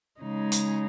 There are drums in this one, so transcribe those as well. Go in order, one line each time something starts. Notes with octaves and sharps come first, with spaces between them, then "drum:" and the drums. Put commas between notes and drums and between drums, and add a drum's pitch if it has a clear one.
C#3 G#3 D#4
drum: hi-hat